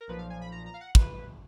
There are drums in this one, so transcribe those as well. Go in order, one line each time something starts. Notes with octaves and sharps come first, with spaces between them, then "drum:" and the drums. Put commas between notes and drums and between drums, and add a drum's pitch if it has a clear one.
A#4
B1 A#2 F3 B4
F5
G#5
B5
A#5
A#5
F5
F#5
B4, drum: kick